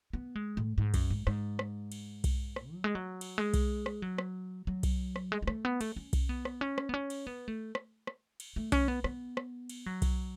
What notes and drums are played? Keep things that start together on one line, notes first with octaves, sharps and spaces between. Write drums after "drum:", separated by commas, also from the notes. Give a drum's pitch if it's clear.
B3
G#3
A2
G#2
F#2, drum: kick B1, cymbal
G#2
G#2, drum: rim click
drum: rim click
drum: cymbal
drum: kick B1, cymbal
drum: rim click
F#3
G#3
F#3
drum: cymbal
G#3
drum: kick B1, cymbal
drum: rim click
F#3
drum: rim click
F#3
drum: kick B1, cymbal
drum: rim click
G#3
G#3
A3, drum: rim click
B3
A3, drum: cymbal
C#4
drum: kick B1, cymbal
B3
drum: rim click
C#4
drum: rim click
B3
C#4
drum: cymbal
B3
A3
drum: rim click
drum: rim click
drum: cymbal
A3
C#4, drum: kick B1, cymbal
B3
B3, drum: rim click
drum: rim click
drum: cymbal
F#3
drum: kick B1, cymbal